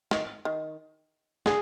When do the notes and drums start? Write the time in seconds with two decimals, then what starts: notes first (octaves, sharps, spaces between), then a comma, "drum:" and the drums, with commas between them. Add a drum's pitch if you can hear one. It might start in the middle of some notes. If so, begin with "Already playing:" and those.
0.11 D#3, drum: snare
0.45 D#3
1.46 D3 G#4, drum: snare